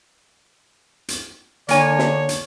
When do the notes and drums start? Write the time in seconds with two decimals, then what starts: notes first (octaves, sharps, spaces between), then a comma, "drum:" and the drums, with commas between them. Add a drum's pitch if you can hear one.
1.08 drum: hi-hat
1.69 D3 A#3 C#5 G#5, drum: hi-hat
1.99 drum: snare
2.29 drum: hi-hat